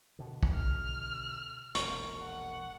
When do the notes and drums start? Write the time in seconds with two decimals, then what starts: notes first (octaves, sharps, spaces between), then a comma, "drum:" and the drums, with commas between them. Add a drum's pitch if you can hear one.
0.19 B2 D3
0.43 drum: kick
0.54 F6
1.75 E1 A#1 G#3 C#6, drum: hi-hat
2.21 F#5